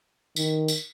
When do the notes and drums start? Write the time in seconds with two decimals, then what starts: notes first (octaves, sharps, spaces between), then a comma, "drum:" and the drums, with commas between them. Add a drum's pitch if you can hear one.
0.36 D#3, drum: tambourine
0.68 drum: tambourine